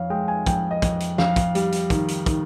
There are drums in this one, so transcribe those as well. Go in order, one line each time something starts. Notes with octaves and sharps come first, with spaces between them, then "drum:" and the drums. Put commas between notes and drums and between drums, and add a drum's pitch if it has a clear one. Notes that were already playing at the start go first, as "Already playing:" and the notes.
Already playing: F2 C#5 F5
G#3 G5
G#5
F2 G5, drum: kick, hi-hat
D#5
F2, drum: kick, hi-hat
drum: hi-hat
F2 F5, drum: snare
drum: kick, hi-hat
G3, drum: hi-hat
drum: hi-hat
D#3, drum: kick, hi-hat
drum: hi-hat
D#3, drum: kick, hi-hat